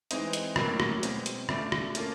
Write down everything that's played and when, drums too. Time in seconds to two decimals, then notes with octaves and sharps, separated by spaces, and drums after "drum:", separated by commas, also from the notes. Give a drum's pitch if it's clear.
0.11 E3 G#3 C4 D#4, drum: hi-hat
0.33 drum: hi-hat
0.56 A2 F#3 A#3, drum: rim click
0.80 drum: rim click
1.03 B2 G#3 C4, drum: hi-hat
1.26 drum: hi-hat
1.49 A3 D4 F4, drum: rim click
1.72 drum: rim click
1.95 A#3 C#4 F4 A4, drum: hi-hat